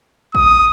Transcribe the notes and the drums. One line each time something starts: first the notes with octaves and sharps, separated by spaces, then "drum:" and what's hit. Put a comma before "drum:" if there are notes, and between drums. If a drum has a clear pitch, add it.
D#6, drum: kick A1